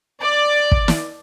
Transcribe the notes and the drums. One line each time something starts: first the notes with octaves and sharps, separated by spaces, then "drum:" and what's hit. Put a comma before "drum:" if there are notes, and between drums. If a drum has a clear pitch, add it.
D5
drum: kick
drum: snare